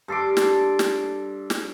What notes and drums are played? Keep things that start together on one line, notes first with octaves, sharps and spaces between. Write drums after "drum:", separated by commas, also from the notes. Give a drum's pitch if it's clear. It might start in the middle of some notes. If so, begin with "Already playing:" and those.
G2 A4 C6 D6
drum: snare
drum: snare
drum: snare